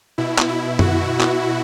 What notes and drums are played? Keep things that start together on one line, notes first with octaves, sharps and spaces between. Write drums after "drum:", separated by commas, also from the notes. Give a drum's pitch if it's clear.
B2 E4
drum: clap
E4
F#4, drum: tom F#2
drum: clap